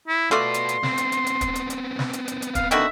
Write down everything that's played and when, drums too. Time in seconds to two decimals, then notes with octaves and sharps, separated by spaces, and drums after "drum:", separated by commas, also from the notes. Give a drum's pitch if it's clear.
0.08 E4
0.31 A3 F4 F#4 B4 D5 C6
0.54 drum: hi-hat
0.69 drum: hi-hat
0.83 B3 C4, drum: snare
0.98 drum: hi-hat
1.12 drum: hi-hat
1.27 drum: hi-hat
1.41 drum: kick, hi-hat
1.55 drum: hi-hat
1.70 drum: hi-hat
1.99 drum: snare
2.13 drum: hi-hat
2.28 drum: hi-hat
2.42 drum: hi-hat
2.55 F5, drum: kick, hi-hat
2.71 D3 D#3 F#4 E5, drum: hi-hat